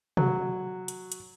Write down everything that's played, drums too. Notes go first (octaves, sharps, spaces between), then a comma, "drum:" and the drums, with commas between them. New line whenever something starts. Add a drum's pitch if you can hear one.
F#3, drum: tom
drum: hi-hat
drum: hi-hat